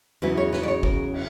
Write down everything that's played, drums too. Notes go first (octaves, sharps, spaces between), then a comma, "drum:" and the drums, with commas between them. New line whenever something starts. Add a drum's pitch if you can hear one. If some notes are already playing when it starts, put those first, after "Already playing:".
E2 C#3 F#3 C#4 E4 B4
C#5
B4, drum: snare
D5
C#5
A#4, drum: kick
drum: cymbal